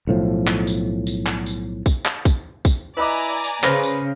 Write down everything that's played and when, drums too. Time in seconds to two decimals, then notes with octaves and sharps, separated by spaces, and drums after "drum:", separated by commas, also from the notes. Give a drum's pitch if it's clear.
0.07 B1 A2 F3
0.47 drum: clap
0.67 drum: tambourine
1.07 drum: tambourine
1.27 drum: clap
1.46 drum: tambourine
1.86 drum: kick, tambourine
2.06 drum: clap
2.25 drum: kick, tambourine
2.65 drum: kick, tambourine
2.97 E4 B4 D5 D#5 G#5 A#5 D6
3.44 drum: tambourine
3.64 C#3 B4 C5 F6 A#6, drum: clap
3.83 drum: tambourine